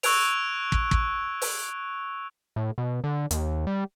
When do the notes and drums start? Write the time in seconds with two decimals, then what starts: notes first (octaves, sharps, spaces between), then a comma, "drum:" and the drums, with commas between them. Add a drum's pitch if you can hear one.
0.03 C#6 E6 F#6 G#6 D7 F7, drum: open hi-hat
0.72 drum: kick
0.91 drum: kick
1.42 drum: open hi-hat
2.56 A2
2.78 B2
3.04 D3
3.31 D#2, drum: hi-hat
3.67 G3